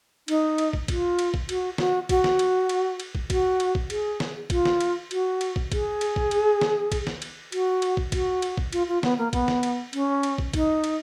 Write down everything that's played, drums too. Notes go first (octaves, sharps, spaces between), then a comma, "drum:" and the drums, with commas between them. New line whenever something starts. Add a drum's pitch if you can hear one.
D#4, drum: cymbal
drum: cymbal
drum: kick
F4, drum: kick, cymbal
drum: cymbal
drum: kick
F#4, drum: cymbal
F#4, drum: snare
F#4, drum: kick, cymbal
drum: snare
drum: cymbal
drum: cymbal
drum: cymbal
drum: kick
F#4, drum: kick, cymbal
drum: cymbal
drum: kick
G#4, drum: cymbal
drum: snare
F4, drum: kick, cymbal
drum: snare
drum: cymbal
F#4, drum: cymbal
drum: cymbal
drum: kick
G#4, drum: kick, cymbal
drum: cymbal
drum: kick
drum: cymbal
drum: snare
drum: kick, cymbal
drum: snare
drum: cymbal
F#4, drum: cymbal
drum: cymbal
drum: kick
F#4, drum: kick, cymbal
drum: cymbal
drum: kick
F4, drum: cymbal
F4
B3, drum: snare
A#3
B3, drum: kick, cymbal
drum: snare
drum: cymbal
C#4, drum: cymbal
drum: cymbal
drum: kick
D#4, drum: kick, cymbal
drum: cymbal